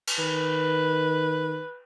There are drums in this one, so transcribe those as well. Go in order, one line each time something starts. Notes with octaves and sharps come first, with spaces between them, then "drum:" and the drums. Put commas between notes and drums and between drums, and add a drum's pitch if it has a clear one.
drum: cymbal
D#3 B4